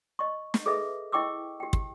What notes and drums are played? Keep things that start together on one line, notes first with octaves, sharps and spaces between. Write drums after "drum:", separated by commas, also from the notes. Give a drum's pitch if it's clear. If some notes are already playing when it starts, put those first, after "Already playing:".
D#5 C#6
drum: snare
G#4 A4 B4 D#5 E5
E4 D#5 G5 C#6 D6 E6
G4 G5
G4, drum: kick